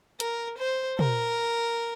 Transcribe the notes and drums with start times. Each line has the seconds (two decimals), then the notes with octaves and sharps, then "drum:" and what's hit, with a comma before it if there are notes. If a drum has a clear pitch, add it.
0.20 A#4, drum: hi-hat
0.59 C5
0.99 A#4, drum: tom